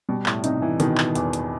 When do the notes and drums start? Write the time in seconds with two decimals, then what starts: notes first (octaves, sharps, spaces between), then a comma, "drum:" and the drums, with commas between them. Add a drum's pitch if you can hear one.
0.09 B2 G3
0.26 A2, drum: clap
0.44 C3 D#4, drum: hi-hat
0.62 E3
0.80 B2 D#3, drum: hi-hat
0.98 drum: clap
1.15 E2, drum: hi-hat
1.33 drum: hi-hat